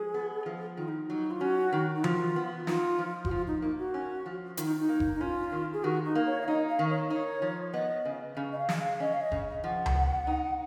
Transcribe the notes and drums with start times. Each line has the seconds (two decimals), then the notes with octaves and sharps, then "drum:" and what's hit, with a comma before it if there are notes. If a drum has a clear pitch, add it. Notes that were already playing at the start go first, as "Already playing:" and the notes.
Already playing: F3 G#3 G#4
0.14 B3
0.46 F3
0.77 D#3 F4
0.88 D#4
1.09 F#3 D#4
1.31 F4
1.41 C#4 F#4
1.73 D#3
1.96 D#4
2.04 F3 F4, drum: tom E3
2.36 B3
2.67 D#4 F4, drum: snare
2.99 F3
3.25 F#4, drum: kick F#1
3.31 F3 F4
3.47 D#4
3.62 A#3 D#4
3.78 F#4
3.94 C#4
4.26 F3
4.57 D#3 F4, drum: hi-hat
4.65 D#4
4.80 D#4
4.89 A#3
5.00 drum: kick F#1
5.15 D#4
5.21 C#4 F4
5.52 D#3
5.73 G#4
5.84 D#3 F#4
6.05 D#4
6.15 A#3
6.26 C#5
6.41 F5
6.47 D#4 D#5
6.69 F5
6.79 D#3
6.90 C#5
7.10 D#4 C#5
7.42 F3
7.73 B3 D#5
8.05 C#3
8.37 C#3
8.53 D#5
8.58 F5
8.69 G#3, drum: snare
8.79 F5
9.00 C#4 D#5
9.14 F5
9.21 D#5
9.32 C#3, drum: kick F#1
9.64 F3 F#5
9.86 drum: tom C#2
9.95 B3
10.27 D#4